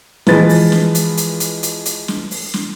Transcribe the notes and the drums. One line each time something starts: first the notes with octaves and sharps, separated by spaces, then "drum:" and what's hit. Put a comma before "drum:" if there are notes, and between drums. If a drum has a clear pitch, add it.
E3 F3 G#3 B4 A6, drum: snare
drum: open hi-hat
drum: snare
drum: hi-hat
drum: hi-hat
drum: hi-hat
drum: hi-hat
drum: hi-hat
drum: snare
drum: open hi-hat
drum: snare